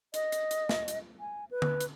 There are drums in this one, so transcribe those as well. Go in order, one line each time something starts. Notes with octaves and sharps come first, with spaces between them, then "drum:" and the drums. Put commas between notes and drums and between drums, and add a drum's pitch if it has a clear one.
D#5, drum: hi-hat
drum: hi-hat
drum: hi-hat
drum: snare
drum: hi-hat
G#5
B4
drum: tom D3
drum: hi-hat